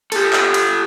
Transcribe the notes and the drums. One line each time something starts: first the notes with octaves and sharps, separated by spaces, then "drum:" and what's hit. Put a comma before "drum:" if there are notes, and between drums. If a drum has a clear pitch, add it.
G4 A4, drum: cymbal
drum: clap
drum: cymbal